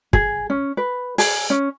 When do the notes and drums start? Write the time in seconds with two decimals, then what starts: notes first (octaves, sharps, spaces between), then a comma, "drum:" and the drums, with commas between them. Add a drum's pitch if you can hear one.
0.13 G#4, drum: kick
0.50 C#4
0.77 B4
1.18 G#4, drum: open hi-hat
1.50 C#4